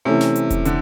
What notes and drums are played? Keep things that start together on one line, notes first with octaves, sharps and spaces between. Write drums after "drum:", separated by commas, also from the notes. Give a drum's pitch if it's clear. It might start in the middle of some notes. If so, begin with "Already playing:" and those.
C3 E3 A3 C#4
drum: snare
drum: hi-hat
drum: kick E1, hi-hat
D3, drum: hi-hat